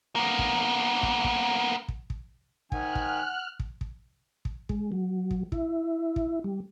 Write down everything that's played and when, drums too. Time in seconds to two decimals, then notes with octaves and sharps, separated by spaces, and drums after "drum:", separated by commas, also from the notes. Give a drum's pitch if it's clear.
0.16 A#3 B3
0.39 drum: kick
1.03 drum: kick
1.24 drum: kick
1.88 drum: kick
2.10 drum: kick
2.72 D#3 F#5 G#5 F6 F#6, drum: kick
2.95 drum: kick
3.60 drum: kick
3.81 drum: kick
4.45 drum: kick
4.69 G#3, drum: kick
4.92 F#3
5.31 drum: kick
5.52 E4, drum: kick
6.16 drum: kick
6.44 G3